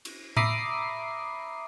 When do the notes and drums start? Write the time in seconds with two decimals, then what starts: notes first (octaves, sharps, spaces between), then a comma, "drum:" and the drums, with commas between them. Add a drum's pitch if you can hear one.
0.05 drum: cymbal
0.37 E5 A#5 B5 D6 D#6 C7, drum: tom A2